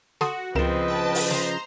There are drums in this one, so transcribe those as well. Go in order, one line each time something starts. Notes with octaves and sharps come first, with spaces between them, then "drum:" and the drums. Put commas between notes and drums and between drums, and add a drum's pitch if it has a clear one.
F#4 A4 C6 D#6, drum: snare
C#2 C#3 F3 C4 A#4 B4 D#5 E7
G5 A5
drum: open hi-hat
C5 A#5 C6, drum: snare